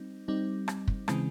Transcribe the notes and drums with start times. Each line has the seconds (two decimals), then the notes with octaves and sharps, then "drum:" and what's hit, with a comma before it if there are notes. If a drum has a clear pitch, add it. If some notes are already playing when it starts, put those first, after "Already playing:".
Already playing: G3 C4 D#4
0.28 G3 C4 D#4
0.68 drum: rim click
0.88 drum: kick
1.08 C#3 E3 G#3 C4, drum: rim click